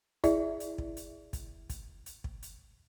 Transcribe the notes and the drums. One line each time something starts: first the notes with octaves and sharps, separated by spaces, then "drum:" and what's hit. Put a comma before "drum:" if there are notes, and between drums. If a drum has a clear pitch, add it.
E4 G#4 D5 E5, drum: kick, hi-hat
drum: hi-hat
drum: kick
drum: hi-hat
drum: kick, hi-hat
drum: kick, hi-hat
drum: hi-hat
drum: kick
drum: hi-hat